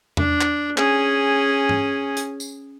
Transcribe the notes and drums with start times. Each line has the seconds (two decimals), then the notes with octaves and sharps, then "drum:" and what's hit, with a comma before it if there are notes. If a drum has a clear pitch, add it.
0.17 D4, drum: tom E2
0.41 drum: clap
0.78 C#4 G#4, drum: clap
1.69 drum: tom G#2
2.17 drum: hi-hat
2.40 drum: tambourine